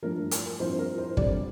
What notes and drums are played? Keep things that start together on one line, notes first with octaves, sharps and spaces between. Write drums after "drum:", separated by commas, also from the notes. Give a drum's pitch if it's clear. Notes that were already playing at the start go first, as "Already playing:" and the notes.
G2 F3 A3 A#4
A#4, drum: hi-hat
G2 F3 C4 E4 C5
A#4
C5
F2 D3 G3 D5, drum: kick